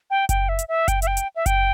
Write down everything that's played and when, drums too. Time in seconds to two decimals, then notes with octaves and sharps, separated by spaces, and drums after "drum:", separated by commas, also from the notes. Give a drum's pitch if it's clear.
0.10 G5
0.29 G5, drum: kick F#1, hi-hat
0.49 E5
0.59 drum: hi-hat
0.68 E5
0.88 G5, drum: kick F#1, hi-hat
1.02 E5, drum: hi-hat
1.07 G5
1.17 drum: hi-hat
1.36 E5
1.46 G5, drum: kick F#1, hi-hat